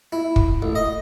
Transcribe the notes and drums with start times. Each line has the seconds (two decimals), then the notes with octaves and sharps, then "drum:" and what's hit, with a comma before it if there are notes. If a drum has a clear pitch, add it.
0.12 E4
0.36 drum: kick
0.62 A1
0.75 D#5